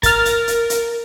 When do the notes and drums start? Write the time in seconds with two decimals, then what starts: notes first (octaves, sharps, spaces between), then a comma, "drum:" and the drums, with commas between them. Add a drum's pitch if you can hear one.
0.03 A#4 F6 A6, drum: kick, hi-hat
0.25 drum: hi-hat
0.48 drum: hi-hat
0.70 drum: hi-hat